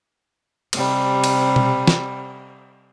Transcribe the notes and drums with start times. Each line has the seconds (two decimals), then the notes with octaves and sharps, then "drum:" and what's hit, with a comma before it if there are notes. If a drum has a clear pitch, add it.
0.73 C3 G3, drum: cymbal
1.24 drum: cymbal
1.56 drum: tom B2
1.88 drum: snare